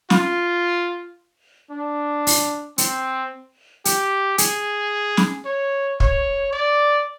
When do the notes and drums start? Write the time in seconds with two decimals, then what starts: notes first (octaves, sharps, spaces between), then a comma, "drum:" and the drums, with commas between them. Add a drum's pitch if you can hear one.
0.10 F4, drum: snare
1.71 D4
2.27 drum: open hi-hat
2.78 C4, drum: hi-hat
3.85 G4, drum: hi-hat
4.38 G#4, drum: hi-hat
5.17 drum: snare
5.45 C#5
6.00 C#5, drum: kick
6.53 D5